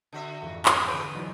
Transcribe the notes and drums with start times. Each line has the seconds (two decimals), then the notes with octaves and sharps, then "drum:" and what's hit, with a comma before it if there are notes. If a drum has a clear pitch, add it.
0.13 D3 F#4 E5
0.41 A1 F2 G#2
0.65 G#3 C#4 C#5, drum: clap
0.88 D3 B4 F#6 G6 D7
1.15 E3 F#3 D#4 D5